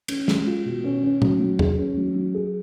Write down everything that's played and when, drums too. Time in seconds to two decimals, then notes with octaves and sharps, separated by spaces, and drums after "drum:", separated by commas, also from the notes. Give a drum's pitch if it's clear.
0.08 C#4, drum: cymbal
0.28 G#3, drum: snare
0.47 F4
0.66 B2
0.84 C#4
1.03 C#4
1.22 F#3, drum: tom A#2
1.40 F#3
1.59 G#4, drum: tom E2
1.78 C#4
1.97 F#3
2.16 F#3
2.34 G#4